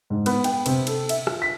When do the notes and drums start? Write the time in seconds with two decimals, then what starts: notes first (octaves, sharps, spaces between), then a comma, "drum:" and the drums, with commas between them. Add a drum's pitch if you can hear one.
0.10 G#2
0.26 B3, drum: cymbal
0.44 G5, drum: cymbal
0.66 C3, drum: cymbal
0.87 A4, drum: cymbal
1.09 E5, drum: cymbal
1.27 F4, drum: rim click
1.42 B6